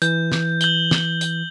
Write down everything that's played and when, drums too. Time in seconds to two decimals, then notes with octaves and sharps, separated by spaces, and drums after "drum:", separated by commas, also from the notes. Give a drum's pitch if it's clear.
0.02 E3 G6, drum: hi-hat
0.32 drum: snare
0.61 G6 F#7 G7, drum: hi-hat
0.91 drum: snare
1.21 drum: hi-hat